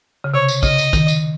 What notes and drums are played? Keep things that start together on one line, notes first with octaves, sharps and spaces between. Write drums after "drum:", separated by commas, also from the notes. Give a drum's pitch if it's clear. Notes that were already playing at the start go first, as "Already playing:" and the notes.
C#3
C3 C#5
drum: tambourine
C#3 D#5, drum: kick, tambourine
drum: tambourine
D#3, drum: kick, tambourine
drum: tambourine